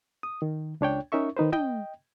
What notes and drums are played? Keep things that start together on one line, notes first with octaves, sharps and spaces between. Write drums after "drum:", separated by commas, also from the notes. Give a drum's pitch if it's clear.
D#6
D#3
C#2 D4 C#5 G5
C#4 D#4 A#4 E5 C#6
D#3 D#4 B4 C5
D#5 G5, drum: tom